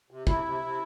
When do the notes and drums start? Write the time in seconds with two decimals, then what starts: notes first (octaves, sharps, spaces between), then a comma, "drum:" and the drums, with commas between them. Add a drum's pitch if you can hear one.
0.11 C3
0.27 C3 E4, drum: kick
0.45 C3
0.62 C3